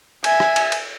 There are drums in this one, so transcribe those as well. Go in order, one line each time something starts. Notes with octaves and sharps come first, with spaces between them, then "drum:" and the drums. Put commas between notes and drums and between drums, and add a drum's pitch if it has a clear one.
E5 G#5, drum: cymbal
drum: rim click
drum: cymbal
drum: cymbal